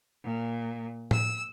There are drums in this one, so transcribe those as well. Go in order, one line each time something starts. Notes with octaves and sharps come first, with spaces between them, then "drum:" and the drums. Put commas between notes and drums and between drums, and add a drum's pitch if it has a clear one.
A#2
E6, drum: tom A2